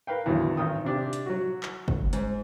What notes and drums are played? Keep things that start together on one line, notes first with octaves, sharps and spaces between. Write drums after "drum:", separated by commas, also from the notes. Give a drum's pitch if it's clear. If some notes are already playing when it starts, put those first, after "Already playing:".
A#4 B4 F5 G5
E2 D3 D#3 F#3
G#1 D#3 G5 D#6
C3 D4 G4
drum: hi-hat
F#3 F#4
drum: clap
drum: kick
G#2, drum: hi-hat